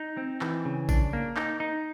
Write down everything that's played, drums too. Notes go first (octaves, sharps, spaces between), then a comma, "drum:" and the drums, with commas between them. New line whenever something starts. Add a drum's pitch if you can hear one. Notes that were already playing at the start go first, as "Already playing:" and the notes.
Already playing: D#4
C4
E3, drum: clap
C#3
D4, drum: kick A1, tambourine
A#3
D#4, drum: clap
D#4